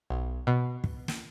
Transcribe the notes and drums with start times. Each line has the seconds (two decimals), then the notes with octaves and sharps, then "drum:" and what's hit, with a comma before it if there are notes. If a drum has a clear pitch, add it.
0.10 B1
0.47 B2
0.84 drum: kick
1.08 drum: snare